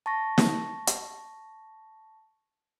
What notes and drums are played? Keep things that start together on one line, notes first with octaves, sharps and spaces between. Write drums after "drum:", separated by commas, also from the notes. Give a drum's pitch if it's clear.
A5 C#6 A#6
drum: snare
drum: hi-hat